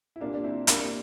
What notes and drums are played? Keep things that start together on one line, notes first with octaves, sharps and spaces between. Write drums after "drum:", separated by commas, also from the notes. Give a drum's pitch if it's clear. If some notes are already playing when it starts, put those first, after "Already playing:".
E4
C2 A#2 A#3 D4
D4
C4 E4
A#3 D4, drum: hi-hat